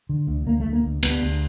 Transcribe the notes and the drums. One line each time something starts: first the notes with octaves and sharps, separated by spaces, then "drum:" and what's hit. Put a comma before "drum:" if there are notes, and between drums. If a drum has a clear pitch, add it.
D3
D2
D2 A#3
D2 A3
A#3
D2
D2 B3, drum: cymbal
D2